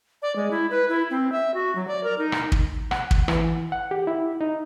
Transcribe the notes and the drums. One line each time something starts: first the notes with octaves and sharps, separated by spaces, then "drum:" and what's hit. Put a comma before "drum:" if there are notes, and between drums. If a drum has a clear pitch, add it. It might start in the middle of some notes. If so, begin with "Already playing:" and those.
D5
G#3
E4
B4
E4
C4
E5
F#4
F#3
D5
A#4
D#4
drum: rim click
drum: kick
F#5, drum: rim click
drum: kick
E3, drum: rim click
F#5
G4
E4
D#4